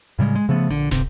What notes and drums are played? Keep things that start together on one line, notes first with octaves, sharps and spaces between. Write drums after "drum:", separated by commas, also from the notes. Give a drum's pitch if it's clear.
A2 C#3 G3 G#3
G#3
C#3 F3 A3 B3
A#1 D3
G1 C3, drum: snare